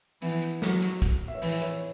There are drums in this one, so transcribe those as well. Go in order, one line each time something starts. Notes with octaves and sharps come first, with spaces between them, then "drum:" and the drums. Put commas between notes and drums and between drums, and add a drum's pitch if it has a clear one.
E3 B3, drum: open hi-hat
drum: hi-hat
F#3, drum: snare
drum: hi-hat
drum: kick, hi-hat
E5
C#5
E3 B4, drum: open hi-hat
C#5, drum: hi-hat